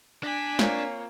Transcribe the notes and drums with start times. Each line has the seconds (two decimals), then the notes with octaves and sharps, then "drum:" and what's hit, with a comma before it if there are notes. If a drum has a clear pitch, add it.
0.23 D4 G#5 B6
0.59 A#3 C4 F4 C#5, drum: snare